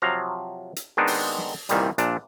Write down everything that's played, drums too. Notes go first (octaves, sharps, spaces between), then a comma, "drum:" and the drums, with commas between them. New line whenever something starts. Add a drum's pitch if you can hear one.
C3 F3 F#3 F5 A#5
drum: hi-hat
D#3 G#3 B3 C4 D4 D#4
drum: open hi-hat
drum: snare
C2 A#2 D#3 E3 G3, drum: hi-hat
A#1 A#2 D4, drum: hi-hat